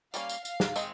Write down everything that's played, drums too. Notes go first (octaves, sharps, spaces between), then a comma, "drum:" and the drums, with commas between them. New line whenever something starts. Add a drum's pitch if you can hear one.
G3 A#3 C#4 F5, drum: tambourine
drum: tambourine
F5, drum: tambourine
drum: snare
D#3 G#3 C4 D#4, drum: tambourine